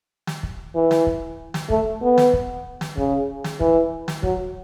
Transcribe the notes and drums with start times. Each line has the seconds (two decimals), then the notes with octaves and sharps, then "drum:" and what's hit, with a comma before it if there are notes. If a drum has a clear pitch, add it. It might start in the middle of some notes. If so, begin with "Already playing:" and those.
0.27 drum: snare
0.43 drum: kick
0.75 E3
0.91 drum: snare
1.07 drum: kick
1.54 drum: snare
1.70 A3, drum: kick
2.02 B3
2.18 drum: snare
2.33 drum: kick
2.81 drum: snare
2.97 C#3, drum: kick
3.44 drum: snare
3.60 E3, drum: kick
4.08 drum: snare
4.23 F#3, drum: kick